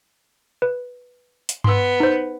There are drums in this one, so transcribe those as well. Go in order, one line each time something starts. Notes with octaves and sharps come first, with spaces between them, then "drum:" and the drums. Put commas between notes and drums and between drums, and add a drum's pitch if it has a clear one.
B4
drum: hi-hat
B3 C6 E6, drum: tom G2
D#4 C5